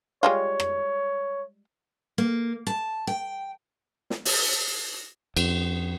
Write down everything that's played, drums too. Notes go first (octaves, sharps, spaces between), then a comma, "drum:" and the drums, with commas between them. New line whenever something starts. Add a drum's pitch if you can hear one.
G3 G#3 F4 C#5
drum: rim click
A#3
A5
G5
drum: snare
drum: open hi-hat
F2, drum: cymbal